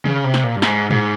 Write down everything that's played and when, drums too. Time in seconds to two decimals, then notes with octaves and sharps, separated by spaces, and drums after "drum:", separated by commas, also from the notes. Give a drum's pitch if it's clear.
0.05 C#3, drum: tom D3
0.24 C3
0.34 drum: snare
0.44 A#2
0.56 G2
0.62 G#2, drum: snare
0.90 G#2, drum: tom